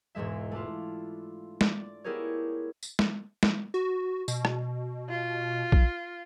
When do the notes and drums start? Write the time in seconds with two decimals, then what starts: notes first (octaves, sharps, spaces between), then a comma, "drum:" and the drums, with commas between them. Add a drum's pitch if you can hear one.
0.15 E1 E2 G#2 G#3 E5
0.51 A3 D4 E4 F4
1.61 D5, drum: snare G#3
2.04 B3 E4 G4 G#4 A#4 C#5
2.83 drum: tambourine
2.99 drum: snare G#3
3.43 drum: snare G#3
3.74 F#4
4.28 B2, drum: tambourine
4.45 drum: rim click
5.09 F4
5.72 drum: kick A#1